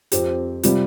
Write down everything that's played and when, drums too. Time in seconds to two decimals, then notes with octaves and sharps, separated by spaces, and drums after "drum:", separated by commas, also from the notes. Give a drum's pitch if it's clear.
0.12 F2 F3 C4 G4, drum: hi-hat
0.63 C3 G3 F4, drum: hi-hat